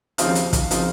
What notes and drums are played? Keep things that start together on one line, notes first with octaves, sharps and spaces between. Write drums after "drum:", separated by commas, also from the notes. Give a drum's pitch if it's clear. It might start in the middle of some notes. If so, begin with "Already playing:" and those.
D#2 C#3 F3 C4 D#4 F5, drum: hi-hat
drum: hi-hat
drum: kick, hi-hat
C#3 F3 C4 D#4, drum: hi-hat